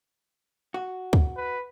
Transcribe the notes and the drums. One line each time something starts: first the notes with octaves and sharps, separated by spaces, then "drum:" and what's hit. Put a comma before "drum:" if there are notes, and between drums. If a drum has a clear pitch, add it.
F#4
drum: kick
B4